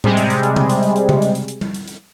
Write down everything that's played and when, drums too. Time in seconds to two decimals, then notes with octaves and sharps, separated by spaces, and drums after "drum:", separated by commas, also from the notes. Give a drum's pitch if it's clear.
0.04 C3 G3 G#3, drum: tom A2
0.17 drum: hi-hat
0.30 drum: hi-hat
0.43 drum: hi-hat
0.56 drum: tom C#3
0.70 drum: hi-hat
0.83 drum: hi-hat
0.96 drum: hi-hat
1.09 drum: tom C#3
1.22 drum: hi-hat
1.35 drum: hi-hat
1.48 drum: hi-hat
1.61 drum: tom G3
1.74 drum: hi-hat
1.88 drum: hi-hat